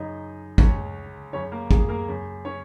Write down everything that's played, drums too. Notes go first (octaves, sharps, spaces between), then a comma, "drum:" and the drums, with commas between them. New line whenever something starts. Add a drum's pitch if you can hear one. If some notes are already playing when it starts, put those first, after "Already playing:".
Already playing: F#2 C#3 D#4 D#5
C#2 C#3 C#4 C#5, drum: kick
F#2 C#3 C#4 C#5
A#3 A#4
G#3 G#4, drum: kick
A#3 A#4
F#2 C#3
C#4 C#5